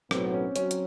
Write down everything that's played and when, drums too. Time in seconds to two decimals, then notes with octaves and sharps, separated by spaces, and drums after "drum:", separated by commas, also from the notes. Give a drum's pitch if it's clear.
0.11 B1 A2 F#3 B3 C4, drum: rim click
0.34 C#4
0.56 F#3 C#4, drum: hi-hat
0.71 drum: hi-hat